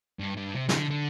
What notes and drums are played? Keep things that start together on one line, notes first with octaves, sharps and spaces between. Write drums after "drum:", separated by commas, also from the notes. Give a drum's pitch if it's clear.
G2
G2
C3
C3, drum: snare
D3
D3